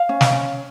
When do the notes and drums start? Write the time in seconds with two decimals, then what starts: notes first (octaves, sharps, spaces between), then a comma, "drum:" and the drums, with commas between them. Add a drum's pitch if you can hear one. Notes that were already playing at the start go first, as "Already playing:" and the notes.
Already playing: F5
0.09 C#4
0.21 drum: snare
0.33 C#4